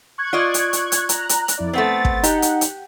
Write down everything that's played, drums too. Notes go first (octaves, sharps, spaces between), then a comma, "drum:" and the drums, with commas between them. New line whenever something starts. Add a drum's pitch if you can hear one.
C#6 F#6 G#6
F4 D5 D#5
drum: hi-hat
drum: hi-hat
drum: hi-hat
A#5 F#6, drum: hi-hat
drum: hi-hat
drum: hi-hat
F2 E4 D5
A3 B3 C4 A6
drum: kick
D#4 G4 F#5, drum: hi-hat
drum: hi-hat
drum: hi-hat